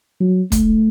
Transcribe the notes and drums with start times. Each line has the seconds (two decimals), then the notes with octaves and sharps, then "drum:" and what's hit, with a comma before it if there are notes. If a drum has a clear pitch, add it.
0.20 F#3
0.52 A3, drum: kick, hi-hat